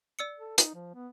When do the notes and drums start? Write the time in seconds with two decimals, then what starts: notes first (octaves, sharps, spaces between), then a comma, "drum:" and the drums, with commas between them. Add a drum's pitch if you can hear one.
0.19 D5 E6 C#7
0.38 A4
0.58 D#4, drum: hi-hat
0.74 F3
0.95 B3